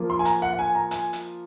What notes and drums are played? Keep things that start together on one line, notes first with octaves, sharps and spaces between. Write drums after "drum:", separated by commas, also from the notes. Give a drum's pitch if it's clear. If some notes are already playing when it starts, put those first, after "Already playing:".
Already playing: F3 A#3 F4
C6
G#5
A#5, drum: hi-hat
F#5
F#5
G#5
A#5
G#5, drum: hi-hat
drum: hi-hat